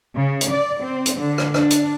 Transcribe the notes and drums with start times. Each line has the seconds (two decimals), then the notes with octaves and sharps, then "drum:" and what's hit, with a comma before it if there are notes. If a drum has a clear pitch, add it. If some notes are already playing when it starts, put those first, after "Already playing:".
0.16 C#3
0.41 drum: hi-hat
0.50 D5
0.82 C4
1.06 drum: hi-hat
1.18 D3
1.38 drum: rim click
1.54 D4, drum: rim click
1.70 drum: hi-hat